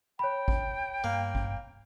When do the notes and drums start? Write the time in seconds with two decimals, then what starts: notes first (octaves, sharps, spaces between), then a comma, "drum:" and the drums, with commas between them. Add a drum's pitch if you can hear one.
0.19 C#5 G5 B5
0.48 drum: kick G#1
1.04 G2 A#3
1.35 drum: kick G#1